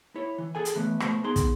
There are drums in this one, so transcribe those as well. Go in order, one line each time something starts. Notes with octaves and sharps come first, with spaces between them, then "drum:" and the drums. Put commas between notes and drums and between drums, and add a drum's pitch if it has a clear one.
E4 C#5
E3
G#4 A4 G#5
drum: hi-hat
E3 A3 B3
B2 A3 C5, drum: rim click
B3 D#4 G#4 C6
drum: kick, hi-hat